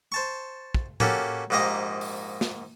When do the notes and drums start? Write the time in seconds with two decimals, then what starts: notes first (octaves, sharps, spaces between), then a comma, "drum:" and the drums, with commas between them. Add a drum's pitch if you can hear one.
0.12 C5 A5 C#6
0.74 drum: kick
1.00 A#3 C#4 F#4 G4 A4, drum: tom A2
1.50 A#1 G#2 A#3 G4 D#5 A#5
2.01 drum: open hi-hat
2.41 drum: snare